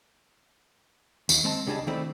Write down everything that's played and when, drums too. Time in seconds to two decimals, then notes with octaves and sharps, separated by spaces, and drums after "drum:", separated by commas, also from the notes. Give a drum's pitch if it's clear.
1.29 D#2, drum: tambourine
1.44 G#3 C4 A5
1.66 C#2 G3 D4 G#4 D#5 A5
1.87 D#3 A3 C4 E4 D5